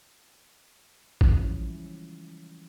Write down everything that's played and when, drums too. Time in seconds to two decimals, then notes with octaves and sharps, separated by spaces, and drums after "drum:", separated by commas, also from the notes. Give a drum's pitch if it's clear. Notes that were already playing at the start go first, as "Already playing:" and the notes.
1.21 E3 F3 G3 G#3 C#4 E4, drum: kick A1